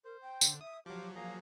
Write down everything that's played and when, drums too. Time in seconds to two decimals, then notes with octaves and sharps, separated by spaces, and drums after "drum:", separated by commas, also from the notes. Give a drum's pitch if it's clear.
0.05 A#4 C5
0.22 G5
0.41 D3, drum: tambourine
0.61 E5 D#6
0.86 F3 F#3 G4 C5 F5 D6
1.15 A#3 G#4 F5 A#5